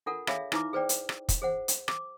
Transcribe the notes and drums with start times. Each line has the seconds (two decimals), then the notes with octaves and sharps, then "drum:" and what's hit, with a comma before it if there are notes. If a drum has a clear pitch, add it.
0.06 D4 F4 A4 A#4 F#5
0.27 D4 G#4 C#5 E5 F5 B5, drum: rim click
0.52 D#4 E4 B4 A#5 D6, drum: rim click
0.73 G#4 B4 C5 D5 G5
0.89 drum: hi-hat
1.09 drum: rim click
1.29 drum: kick, hi-hat
1.42 G#4 C5 F#5
1.68 drum: hi-hat
1.88 D6, drum: rim click